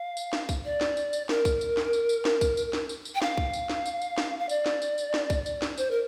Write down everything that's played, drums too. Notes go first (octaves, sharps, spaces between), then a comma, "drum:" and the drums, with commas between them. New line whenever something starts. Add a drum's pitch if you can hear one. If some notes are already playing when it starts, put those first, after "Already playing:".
Already playing: F5
drum: tambourine
drum: snare
drum: kick, tambourine
D5
drum: snare
drum: tambourine
drum: tambourine
A#4, drum: snare
drum: kick, tambourine
drum: tambourine
drum: snare
drum: tambourine
drum: tambourine
drum: snare
drum: kick, tambourine
drum: tambourine
drum: snare
drum: tambourine
drum: tambourine
G5
F5, drum: snare
drum: kick
drum: tambourine
drum: snare
drum: tambourine
drum: tambourine
drum: snare
F5
D5, drum: tambourine
drum: snare
drum: tambourine
drum: tambourine
drum: snare
drum: kick, tambourine
drum: tambourine
drum: snare
C5, drum: tambourine
A#4